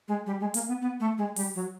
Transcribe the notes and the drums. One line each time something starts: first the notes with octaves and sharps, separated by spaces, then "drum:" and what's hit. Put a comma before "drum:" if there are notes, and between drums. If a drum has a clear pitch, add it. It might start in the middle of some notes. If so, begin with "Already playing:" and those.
G#3
G3
G#3
A#3, drum: hi-hat
B3
B3
A3
G#3
G3, drum: open hi-hat
F#3